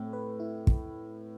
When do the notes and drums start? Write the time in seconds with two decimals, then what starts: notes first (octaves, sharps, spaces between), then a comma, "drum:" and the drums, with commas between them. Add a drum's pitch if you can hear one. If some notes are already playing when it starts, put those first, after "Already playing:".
Already playing: A2 A3 C4
0.13 B4
0.40 E4
0.67 drum: kick